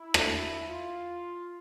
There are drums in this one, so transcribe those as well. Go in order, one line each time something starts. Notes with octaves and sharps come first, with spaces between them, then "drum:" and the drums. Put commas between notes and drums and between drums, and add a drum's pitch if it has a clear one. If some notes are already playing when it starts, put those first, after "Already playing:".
Already playing: E4
drum: rim click
F4